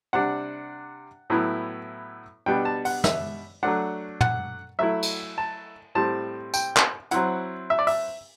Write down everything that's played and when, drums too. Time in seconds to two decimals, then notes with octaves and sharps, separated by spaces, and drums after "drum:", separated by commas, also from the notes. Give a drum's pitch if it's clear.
0.13 C3 G3 D4 F#5
1.30 A2 F#3 B3 E4
2.46 B2 G3 B3 D4 G5
2.65 A5
2.85 F#5, drum: open hi-hat
3.04 E5, drum: snare
3.63 F#3 A3 D4 F#5
4.21 F#5, drum: tom
4.79 F#3 A3 E4 E5
5.03 drum: cymbal
5.38 A5
5.95 A2 G3 C4 A5
6.54 G5, drum: tambourine
6.76 drum: clap
7.11 F#3 C4 E4 F#5, drum: hi-hat
7.70 E5
7.79 D5
7.87 E5, drum: open hi-hat